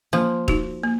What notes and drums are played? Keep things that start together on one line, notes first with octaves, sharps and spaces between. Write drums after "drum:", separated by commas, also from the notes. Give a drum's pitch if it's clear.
F3 A#3
D#4 F#4, drum: kick
A#3